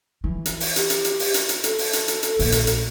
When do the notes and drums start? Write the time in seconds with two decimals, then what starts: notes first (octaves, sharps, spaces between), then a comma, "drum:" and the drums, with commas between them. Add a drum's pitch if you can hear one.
0.24 E3
0.46 drum: hi-hat
0.60 drum: open hi-hat
0.76 G4, drum: hi-hat
0.90 drum: hi-hat
1.05 drum: hi-hat
1.19 drum: open hi-hat
1.34 drum: hi-hat
1.49 drum: hi-hat
1.64 A4, drum: hi-hat
1.78 drum: open hi-hat
1.93 drum: hi-hat
2.08 drum: hi-hat
2.23 drum: hi-hat
2.39 A#1 A#3, drum: open hi-hat
2.52 drum: hi-hat
2.67 drum: hi-hat